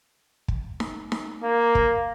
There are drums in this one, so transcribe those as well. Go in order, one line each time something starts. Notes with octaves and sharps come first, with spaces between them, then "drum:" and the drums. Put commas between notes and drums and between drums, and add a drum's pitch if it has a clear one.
drum: kick
drum: snare D#4
drum: snare D#4
A#3
drum: kick